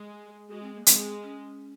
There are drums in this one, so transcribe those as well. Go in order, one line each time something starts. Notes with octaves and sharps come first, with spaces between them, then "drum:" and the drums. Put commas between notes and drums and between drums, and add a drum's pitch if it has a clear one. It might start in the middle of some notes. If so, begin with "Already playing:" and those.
Already playing: G#3
G#3 F#4
C4
A#3
G#3 C4, drum: hi-hat
C#4